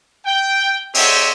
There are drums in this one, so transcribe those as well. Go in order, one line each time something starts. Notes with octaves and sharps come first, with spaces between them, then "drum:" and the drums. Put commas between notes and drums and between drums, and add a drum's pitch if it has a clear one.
G5
C4 G4 C#5 D#5 E5, drum: open hi-hat